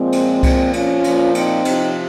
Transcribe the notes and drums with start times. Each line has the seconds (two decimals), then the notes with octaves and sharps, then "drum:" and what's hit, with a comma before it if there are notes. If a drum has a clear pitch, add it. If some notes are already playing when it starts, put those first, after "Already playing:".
Already playing: A#2 F3 G#3 C4
0.12 drum: cymbal
0.43 A#2 F3, drum: kick C2, cymbal
0.73 C#4 F4, drum: cymbal
1.04 A#2 F3, drum: cymbal
1.35 C4 D#4, drum: cymbal
1.65 C3 F3, drum: cymbal